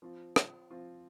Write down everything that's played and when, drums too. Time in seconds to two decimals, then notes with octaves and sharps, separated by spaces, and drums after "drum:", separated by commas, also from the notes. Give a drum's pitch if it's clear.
0.02 F3 C4 F4
0.36 drum: rim click
0.71 F3 C4 F4